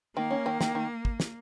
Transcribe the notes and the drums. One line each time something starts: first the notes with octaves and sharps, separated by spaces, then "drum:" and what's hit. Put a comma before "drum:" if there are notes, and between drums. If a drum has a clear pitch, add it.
D#3 A#3
C#4
D#3
D#3, drum: snare
D#3
drum: kick
drum: snare